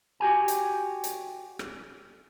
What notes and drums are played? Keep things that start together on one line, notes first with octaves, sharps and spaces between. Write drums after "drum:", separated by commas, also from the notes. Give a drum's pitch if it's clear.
F#4 G4 G#5
drum: hi-hat
drum: hi-hat
drum: rim click